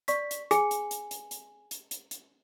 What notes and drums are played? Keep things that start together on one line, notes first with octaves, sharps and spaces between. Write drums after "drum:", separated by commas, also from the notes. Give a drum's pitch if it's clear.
D5 C#6 B6, drum: hi-hat
drum: hi-hat
G#4 G#5 C#7, drum: hi-hat
drum: hi-hat
drum: hi-hat
drum: hi-hat
drum: hi-hat
drum: hi-hat
drum: hi-hat
drum: hi-hat